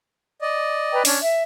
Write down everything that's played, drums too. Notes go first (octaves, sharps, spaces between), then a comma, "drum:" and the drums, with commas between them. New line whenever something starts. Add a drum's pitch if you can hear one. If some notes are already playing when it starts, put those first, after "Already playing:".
D5 D#5
B4 G5 A#5
C#4 D4, drum: open hi-hat
E5